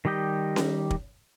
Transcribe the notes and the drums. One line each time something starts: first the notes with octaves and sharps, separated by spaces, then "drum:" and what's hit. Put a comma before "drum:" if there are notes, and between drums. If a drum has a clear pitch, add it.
D#3 G3 G4 D#5 G5
drum: snare C#4
drum: kick